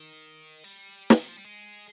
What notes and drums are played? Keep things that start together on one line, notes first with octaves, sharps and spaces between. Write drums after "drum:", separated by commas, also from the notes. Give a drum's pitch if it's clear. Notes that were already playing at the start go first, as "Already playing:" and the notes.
Already playing: D#3
G3
D3, drum: snare
D#3
F3
G3
G#3